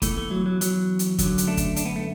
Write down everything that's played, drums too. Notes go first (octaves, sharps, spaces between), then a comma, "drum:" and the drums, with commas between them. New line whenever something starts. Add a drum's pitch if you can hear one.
E2 E3 A3, drum: kick, hi-hat
A3
F#3
F#3
F#3, drum: hi-hat
drum: hi-hat
F#2 D3 F#3, drum: kick, hi-hat
drum: hi-hat
A3 D4
drum: kick, hi-hat
D4, drum: hi-hat
B3
A3